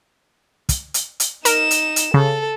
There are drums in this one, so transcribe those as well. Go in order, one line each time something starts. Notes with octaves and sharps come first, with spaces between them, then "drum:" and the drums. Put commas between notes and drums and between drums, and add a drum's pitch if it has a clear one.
drum: kick, hi-hat
drum: hi-hat
drum: hi-hat
D#4 A#4 E7, drum: hi-hat
drum: hi-hat
drum: hi-hat
C#3 A4